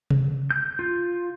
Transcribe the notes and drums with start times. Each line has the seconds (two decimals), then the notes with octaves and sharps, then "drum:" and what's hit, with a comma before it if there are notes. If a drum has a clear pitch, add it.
0.10 drum: tom C3
0.50 G6
0.79 F4